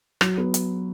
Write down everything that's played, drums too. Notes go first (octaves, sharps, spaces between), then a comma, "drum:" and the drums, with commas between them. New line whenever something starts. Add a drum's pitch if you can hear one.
F#3, drum: rim click
B3
drum: hi-hat